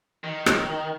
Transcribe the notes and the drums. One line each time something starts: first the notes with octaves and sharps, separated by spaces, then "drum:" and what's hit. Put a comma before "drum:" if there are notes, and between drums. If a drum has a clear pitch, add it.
D#3
drum: rim click